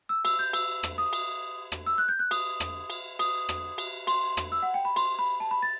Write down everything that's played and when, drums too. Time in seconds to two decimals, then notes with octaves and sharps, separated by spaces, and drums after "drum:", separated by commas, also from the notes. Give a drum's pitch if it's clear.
0.09 E6
0.25 E6, drum: cymbal
0.39 G6
0.53 E6, drum: cymbal
0.83 drum: rim click
0.98 D#6
1.13 drum: cymbal
1.72 drum: rim click
1.86 E6
1.98 F#6
2.08 G6
2.19 F#6
2.31 D#6, drum: cymbal
2.60 drum: rim click
2.90 drum: cymbal
3.19 D#6, drum: cymbal
3.49 drum: rim click
3.78 drum: cymbal
4.07 C6, drum: cymbal
4.37 drum: rim click
4.52 E6
4.63 F#5
4.74 G5
4.85 B5
4.96 C6, drum: cymbal
5.19 B5
5.40 A5
5.51 B5
5.62 A6